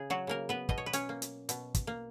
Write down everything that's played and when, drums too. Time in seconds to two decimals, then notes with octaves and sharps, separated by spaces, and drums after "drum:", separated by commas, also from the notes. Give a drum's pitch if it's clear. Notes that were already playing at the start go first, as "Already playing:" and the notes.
Already playing: C#3 G#4
0.10 F#3 F#4
0.27 C#3 A#3 A#4
0.49 B3 B4
0.69 B2 D#5, drum: kick
0.78 C#5
0.86 B4
0.93 C#4 C#5, drum: hi-hat
1.09 A#3
1.22 drum: hi-hat
1.49 B2, drum: hi-hat
1.74 drum: kick, hi-hat
1.87 A#3